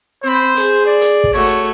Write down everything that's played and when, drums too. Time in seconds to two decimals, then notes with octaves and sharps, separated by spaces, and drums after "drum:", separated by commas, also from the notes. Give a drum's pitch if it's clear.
0.24 C4 C5 B5
0.56 G#4, drum: hi-hat
0.86 D5
1.01 drum: hi-hat
1.24 drum: kick
1.33 A3 F#4 C#5
1.46 drum: hi-hat